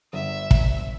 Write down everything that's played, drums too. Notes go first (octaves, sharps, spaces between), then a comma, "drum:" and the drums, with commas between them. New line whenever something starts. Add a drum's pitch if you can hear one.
G1 E5
drum: kick